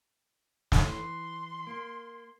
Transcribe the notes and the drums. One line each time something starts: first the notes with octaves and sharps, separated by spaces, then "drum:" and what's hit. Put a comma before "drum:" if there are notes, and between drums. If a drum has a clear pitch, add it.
drum: snare
E3 E4 C6
A#3